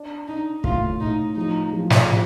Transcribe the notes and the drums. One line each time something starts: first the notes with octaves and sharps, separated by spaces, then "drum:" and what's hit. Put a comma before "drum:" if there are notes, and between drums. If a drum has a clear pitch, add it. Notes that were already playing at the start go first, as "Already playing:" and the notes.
Already playing: D4
D4 D#4
A2 F4, drum: kick
A2 D#4
F3 D#4
F3
drum: snare
F3